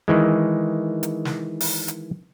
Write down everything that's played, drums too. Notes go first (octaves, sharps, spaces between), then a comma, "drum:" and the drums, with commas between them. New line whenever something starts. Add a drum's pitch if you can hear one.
D#3 E3 G#3
drum: hi-hat
drum: snare
drum: open hi-hat
drum: hi-hat